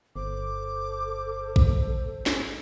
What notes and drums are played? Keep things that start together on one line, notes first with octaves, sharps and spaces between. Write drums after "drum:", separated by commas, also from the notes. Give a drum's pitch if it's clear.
G1 A4 C5 D6
drum: kick A#1
drum: snare